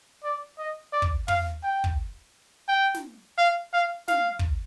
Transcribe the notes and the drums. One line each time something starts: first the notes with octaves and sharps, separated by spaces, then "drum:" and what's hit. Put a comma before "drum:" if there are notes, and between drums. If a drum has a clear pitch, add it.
D5
D#5
D5
drum: kick
F5, drum: tom
G5
drum: kick
G5
drum: snare
F5
F5
F5, drum: snare
drum: kick